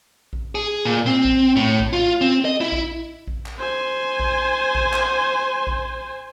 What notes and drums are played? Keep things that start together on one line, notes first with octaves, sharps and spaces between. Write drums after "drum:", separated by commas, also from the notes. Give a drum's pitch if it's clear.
drum: kick A#1
G#4
A#2
C4
drum: kick A#1
A2
drum: kick A#1
F4
C4
D#5
E4
drum: kick A#1
drum: kick A#1
drum: clap
C5 G#5
drum: kick A#1
drum: kick A#1
drum: clap
drum: kick A#1